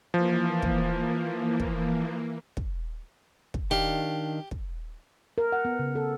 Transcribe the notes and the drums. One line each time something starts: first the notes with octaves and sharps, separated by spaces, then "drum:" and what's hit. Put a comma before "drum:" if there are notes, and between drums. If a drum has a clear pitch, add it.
E3 F3 A#3
drum: kick
drum: kick
drum: kick
drum: kick
D#3 D4 G4 F5
drum: kick
A#4
F#5
B3
C#3
A4